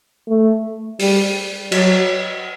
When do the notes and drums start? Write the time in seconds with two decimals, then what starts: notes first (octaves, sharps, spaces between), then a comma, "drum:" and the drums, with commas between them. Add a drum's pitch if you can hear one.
0.28 A3
1.00 G3, drum: open hi-hat
1.72 F#3, drum: cymbal